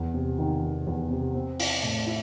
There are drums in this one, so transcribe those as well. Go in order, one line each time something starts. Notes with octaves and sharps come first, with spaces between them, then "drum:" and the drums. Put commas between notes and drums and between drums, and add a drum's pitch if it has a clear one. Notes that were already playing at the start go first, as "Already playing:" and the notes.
Already playing: E2
C3
D#3
D#3
E2
C3
C4
E4, drum: open hi-hat
A2
E4